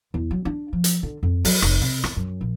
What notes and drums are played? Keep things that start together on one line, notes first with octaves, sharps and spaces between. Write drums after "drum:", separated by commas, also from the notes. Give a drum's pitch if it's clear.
E2
F#3
D4
F3
drum: hi-hat
D3
F2
F#3, drum: open hi-hat
F1, drum: rim click
C3
E2, drum: rim click
F#2
A#1